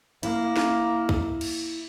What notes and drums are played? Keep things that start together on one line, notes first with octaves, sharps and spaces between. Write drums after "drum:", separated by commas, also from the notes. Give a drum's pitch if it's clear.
A#3 E4, drum: hi-hat
drum: snare
drum: kick
drum: cymbal